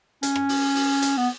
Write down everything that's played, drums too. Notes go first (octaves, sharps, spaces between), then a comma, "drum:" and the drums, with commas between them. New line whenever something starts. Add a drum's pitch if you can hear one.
C#4, drum: hi-hat
drum: rim click
drum: open hi-hat
drum: open hi-hat
drum: hi-hat
B3